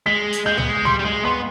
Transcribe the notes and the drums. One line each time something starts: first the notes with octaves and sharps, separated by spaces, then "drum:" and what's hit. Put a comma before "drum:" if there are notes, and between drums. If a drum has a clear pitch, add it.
G#3 B6
drum: hi-hat
G#3 G6
B3, drum: tom C#2
G#3
G3 C6, drum: tom C#2
G3
G#3
B3 C6